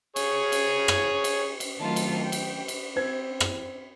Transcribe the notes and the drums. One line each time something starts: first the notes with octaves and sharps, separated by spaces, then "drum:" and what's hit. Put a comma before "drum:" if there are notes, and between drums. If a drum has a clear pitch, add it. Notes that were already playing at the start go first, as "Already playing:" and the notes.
G#4 C#5, drum: cymbal
drum: cymbal
drum: rim click
drum: cymbal
drum: cymbal
D#3 F#3 A3 C4 F4 A5
drum: cymbal
G5
drum: cymbal
drum: cymbal
C4 G#6
drum: rim click